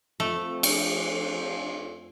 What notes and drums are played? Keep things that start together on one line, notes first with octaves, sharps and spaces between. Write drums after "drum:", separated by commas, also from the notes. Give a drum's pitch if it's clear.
F2 A3
drum: cymbal